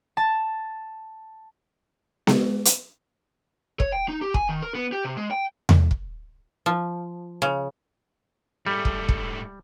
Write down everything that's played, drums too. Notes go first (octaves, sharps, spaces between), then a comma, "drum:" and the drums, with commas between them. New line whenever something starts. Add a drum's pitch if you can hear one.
A5
G#3, drum: snare B3
drum: hi-hat
C#5, drum: kick
G5
D#4
G4
G#5, drum: kick
D#3
A#4
B3
G4
C3
G#3
G5
drum: tom E2
drum: kick
F3
C#3
G#2 G3 A3
drum: kick
drum: kick